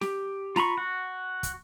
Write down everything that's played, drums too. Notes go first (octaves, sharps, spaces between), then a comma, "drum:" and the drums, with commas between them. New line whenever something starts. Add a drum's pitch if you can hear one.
G4, drum: snare
F4 A#5 B5 C#6, drum: snare
F#4
drum: kick, hi-hat